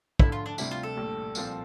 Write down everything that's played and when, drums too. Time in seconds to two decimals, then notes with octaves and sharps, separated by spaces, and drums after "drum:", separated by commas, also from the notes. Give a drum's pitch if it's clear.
0.20 D3 F3 A3 E4, drum: kick
0.32 F4
0.46 D4
0.58 D2 C3 G3 C4 E4 G4, drum: tambourine
0.71 F4
0.83 A4
0.97 A#1 A2 G3
1.35 C2 A#2 F3 C4 F4, drum: tambourine